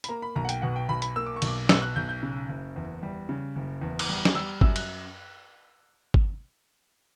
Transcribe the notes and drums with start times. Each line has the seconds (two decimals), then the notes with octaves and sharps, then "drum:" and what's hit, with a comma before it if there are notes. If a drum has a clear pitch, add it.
0.04 B5, drum: hi-hat
0.09 A#3 A#5
0.22 B5
0.36 B1 A#5
0.45 F#5
0.49 G5, drum: hi-hat
0.62 B2 F#5
0.76 G5
0.89 B1 B5
1.02 B5, drum: hi-hat
1.16 A#3 E6
1.26 D6
1.36 C#6
1.42 B1, drum: cymbal
1.48 D6
1.69 B2 E6, drum: snare
1.82 F#6
1.96 B1 G6
2.09 G6
2.23 C#3
2.49 F#1
2.76 E2
3.03 G3
3.29 C#3
3.56 F#1
3.81 E2
3.99 drum: cymbal
4.09 G3
4.25 drum: snare
4.35 G3 E6
4.61 F#2 E6, drum: kick G1
4.76 F#6, drum: cymbal
6.14 drum: kick G1